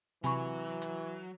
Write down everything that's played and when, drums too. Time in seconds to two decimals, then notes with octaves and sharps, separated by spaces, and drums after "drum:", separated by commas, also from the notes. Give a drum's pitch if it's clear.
0.24 C3 E3 F#3 G#5 B5 C#6, drum: hi-hat
0.82 drum: hi-hat